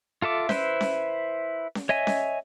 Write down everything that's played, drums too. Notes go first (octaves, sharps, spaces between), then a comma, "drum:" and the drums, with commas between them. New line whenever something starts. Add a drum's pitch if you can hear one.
F4 A4 E5 D6
E4 B4 C5 E5, drum: snare C#4
drum: snare C#4
drum: snare C#4
C#5 D#5 E5 G#5
drum: snare C#4